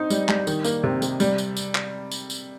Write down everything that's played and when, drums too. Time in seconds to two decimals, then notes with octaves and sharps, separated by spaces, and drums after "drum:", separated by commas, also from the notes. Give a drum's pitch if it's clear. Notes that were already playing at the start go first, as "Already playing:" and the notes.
Already playing: C4 D#4
0.10 G3, drum: tambourine
0.29 G3, drum: clap
0.47 D#3, drum: tambourine
0.65 A#3, drum: tambourine
0.84 C3
1.02 C3, drum: tambourine
1.20 G3, drum: tambourine
1.38 drum: tambourine
1.57 drum: tambourine
1.75 drum: clap
2.11 drum: tambourine
2.30 drum: tambourine